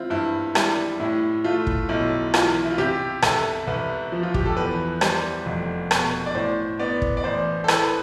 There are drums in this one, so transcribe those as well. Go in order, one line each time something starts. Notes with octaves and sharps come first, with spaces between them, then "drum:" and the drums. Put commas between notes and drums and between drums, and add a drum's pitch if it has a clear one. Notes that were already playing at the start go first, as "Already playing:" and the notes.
Already playing: C4 E4 F4
G2 E4
G3 E4, drum: rim click
A2 E4
A3 F4
drum: kick
B1 E4
E3 F4, drum: rim click
E4
F4
C3 G4
C2 A4, drum: rim click
C2 B4
F3
F4
G4, drum: kick
A4
E2 B4
G3 C5, drum: rim click
F1
B2, drum: rim click
D5
A2 C5
B3 D5
drum: kick
D5
A1 C5
A4
E3 B4, drum: rim click